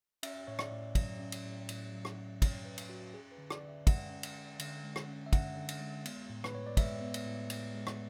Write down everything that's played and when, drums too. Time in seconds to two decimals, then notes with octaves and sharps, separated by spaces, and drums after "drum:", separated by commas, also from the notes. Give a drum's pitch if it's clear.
0.23 C#4 E5, drum: cymbal
0.47 A2 C#5
0.59 D5, drum: rim click
0.71 A2
0.95 F#3, drum: kick, cymbal
1.20 C#4
1.32 drum: cymbal
1.45 A2
1.69 A2, drum: cymbal
1.93 F#3
2.05 drum: rim click
2.17 C#4
2.42 A2 C#5, drum: kick, cymbal
2.65 A2 B4
2.78 drum: cymbal
2.89 F#3 F#4
3.14 C#4 G#4
3.32 B4
3.38 D3
3.50 D5, drum: rim click
3.63 D3 E5
3.87 G#3 F#5, drum: kick, cymbal
4.10 C#4
4.23 drum: cymbal
4.35 D3
4.59 D3, drum: cymbal
4.84 G#3
4.96 drum: rim click
5.07 C#4
5.26 E5
5.33 D3 F#5, drum: kick, cymbal
5.56 D3
5.69 drum: cymbal
5.80 G#3
6.05 B3, drum: cymbal
6.30 A2
6.44 B4, drum: rim click
6.53 A2 C#5
6.67 D5
6.77 G#3 E5, drum: kick, cymbal
7.01 B3
7.14 drum: cymbal
7.26 A2
7.50 A2, drum: cymbal
7.75 G#3
7.87 drum: rim click